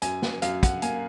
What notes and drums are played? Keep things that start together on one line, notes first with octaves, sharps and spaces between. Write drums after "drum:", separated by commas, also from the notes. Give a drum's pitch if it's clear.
F#2 G#5, drum: hi-hat
drum: snare
F#2 F5, drum: hi-hat
F#5, drum: kick, hi-hat
A#3 G#5, drum: hi-hat